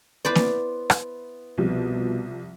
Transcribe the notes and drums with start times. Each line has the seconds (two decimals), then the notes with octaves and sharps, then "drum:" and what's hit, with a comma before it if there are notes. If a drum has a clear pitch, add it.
0.25 B3 E4 B4 C5 D5
0.35 drum: snare A#3
0.90 drum: rim click
1.58 C2 B2 F3